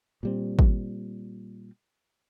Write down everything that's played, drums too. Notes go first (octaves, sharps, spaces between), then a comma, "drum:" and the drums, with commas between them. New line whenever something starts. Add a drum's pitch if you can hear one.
A#2 G3 C4
drum: kick